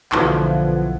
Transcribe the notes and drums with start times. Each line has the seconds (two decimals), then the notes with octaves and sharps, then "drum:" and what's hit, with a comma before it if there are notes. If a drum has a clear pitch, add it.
0.12 B1 D3 E3 F3 A3 B3 F#5, drum: clap